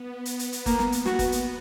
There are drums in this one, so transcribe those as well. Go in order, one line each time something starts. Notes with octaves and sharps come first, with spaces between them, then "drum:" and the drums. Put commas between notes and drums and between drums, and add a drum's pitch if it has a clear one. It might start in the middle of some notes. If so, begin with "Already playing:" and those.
Already playing: B3
B3, drum: hi-hat
drum: hi-hat
drum: hi-hat
A#3, drum: kick, hi-hat
drum: snare
drum: hi-hat
F#4, drum: snare
drum: kick, hi-hat
drum: hi-hat